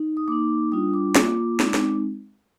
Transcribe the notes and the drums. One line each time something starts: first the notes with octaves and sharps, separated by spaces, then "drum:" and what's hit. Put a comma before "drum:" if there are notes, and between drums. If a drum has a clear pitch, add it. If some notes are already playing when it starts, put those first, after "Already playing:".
Already playing: D#4
D#6
A#3 D#4 D6
G3 D4 F4 D#6
D6
A#3 F4 D6, drum: snare
G#3 C4 D#4, drum: snare
drum: snare